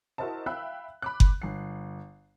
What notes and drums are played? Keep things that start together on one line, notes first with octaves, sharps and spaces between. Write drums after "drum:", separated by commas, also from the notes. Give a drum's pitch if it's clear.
E4 F#4 A#4 C5 D#5 A5
E5 F5 G5 B5 E6 F#6
B5 D6 F#6
drum: kick F#1
G1 C7